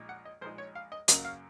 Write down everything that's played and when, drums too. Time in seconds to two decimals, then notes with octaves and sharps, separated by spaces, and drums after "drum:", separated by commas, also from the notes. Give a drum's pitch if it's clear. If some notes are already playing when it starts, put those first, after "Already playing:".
Already playing: A#1 A#2 G#3 D#4
0.09 F#5
0.25 D#5
0.41 A#1 A#2 G#3 D#4 C5
0.58 C#5
0.75 F5
0.92 D#5
1.08 F#2 C#3 F#3 A#3 D#5, drum: hi-hat
1.25 F5